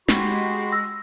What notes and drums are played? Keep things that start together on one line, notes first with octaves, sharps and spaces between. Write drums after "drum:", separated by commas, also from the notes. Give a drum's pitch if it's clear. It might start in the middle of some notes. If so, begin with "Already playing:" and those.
G#3 F#4 G4 B5 C6, drum: snare
E6 A#6